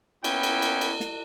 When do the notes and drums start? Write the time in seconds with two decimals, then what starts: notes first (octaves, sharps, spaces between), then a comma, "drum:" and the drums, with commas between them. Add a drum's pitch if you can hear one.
0.24 A#3 B3 C#4 E4 G5, drum: cymbal
0.43 drum: cymbal
0.62 drum: cymbal
0.81 drum: cymbal
1.00 drum: snare